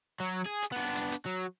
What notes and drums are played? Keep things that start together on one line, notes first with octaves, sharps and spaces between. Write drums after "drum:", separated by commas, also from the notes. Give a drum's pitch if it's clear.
F#3
G#4
drum: hi-hat
B3 D4
drum: hi-hat
drum: hi-hat
F#3